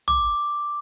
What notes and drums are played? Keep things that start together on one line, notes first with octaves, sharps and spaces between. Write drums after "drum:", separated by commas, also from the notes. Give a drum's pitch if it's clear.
D6, drum: tom